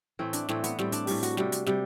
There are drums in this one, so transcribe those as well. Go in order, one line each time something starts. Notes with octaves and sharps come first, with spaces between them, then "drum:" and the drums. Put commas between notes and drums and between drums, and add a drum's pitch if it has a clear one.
A2 E3 A3 C4
D4, drum: hi-hat
A2 E3 A3 C4, drum: snare
B3, drum: hi-hat
A2 G3 C4, drum: snare
D4, drum: hi-hat
A2 G3, drum: open hi-hat
F#4, drum: hi-hat
C3 G3, drum: snare
drum: hi-hat
C3 G3, drum: snare